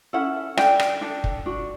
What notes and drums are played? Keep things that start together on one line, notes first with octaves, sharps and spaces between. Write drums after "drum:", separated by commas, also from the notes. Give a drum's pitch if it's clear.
C#4 E4 A4 F#5
D4 A4 G5, drum: rim click
drum: rim click
D4 A4
drum: kick
D4 F#4